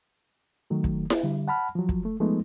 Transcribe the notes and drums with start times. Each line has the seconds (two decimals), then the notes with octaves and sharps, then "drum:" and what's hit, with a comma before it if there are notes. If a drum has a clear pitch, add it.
0.70 D#3 F#3 A3
0.84 drum: kick
1.10 drum: snare E4
1.23 D3 G3
1.48 F#5 A5 B5 F6
1.75 F3 F#3
1.89 drum: kick
2.05 A3
2.20 F3 G#3 A3 B3 D#4